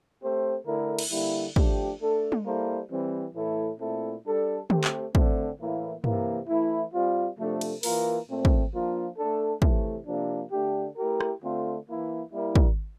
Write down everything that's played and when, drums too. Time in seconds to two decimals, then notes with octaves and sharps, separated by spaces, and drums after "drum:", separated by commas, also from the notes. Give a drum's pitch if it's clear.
0.22 A3 C4 G4 C5
0.65 D3 A3 E4 A#4
0.99 drum: cymbal
1.11 D3 G3 A#3 E4
1.56 F3 A3 D4 G4, drum: kick
2.01 A3 D4 A4
2.32 drum: tom
2.45 G3 A#3 E4 A4 C5
2.90 E3 G3 C4
3.35 A2 E3 A3 E4 A4
3.80 A#2 A3 C4 E4 A4
4.25 G3 D4 A4
4.70 A3 C4 G4 C5, drum: tom
4.84 drum: clap
5.15 D3 A3 C4, drum: kick
5.58 A2 E3 A#3 E4
6.04 C3 E3 A#3, drum: tom
6.48 E3 A3 E4
6.94 G3 C4 F4
7.38 C3 F3 A3 D4 A4
7.61 drum: cymbal
7.83 E3 A#3 F4 A#4, drum: open hi-hat
8.28 A#2 A3 C4
8.45 drum: kick
8.73 F3 A#3 D4 F4
9.17 A3 D4 A4
9.62 C3 E3 A3, drum: kick
10.07 C3 F3 A#3 D4
10.52 D3 A3 D4 G4
10.97 A3 E4 G4 A#4
11.21 drum: rim click
11.42 D3 A3 C4 F4 C5
11.87 E3 A#3 E4
12.31 G3 A#3 E4 A#4
12.55 drum: kick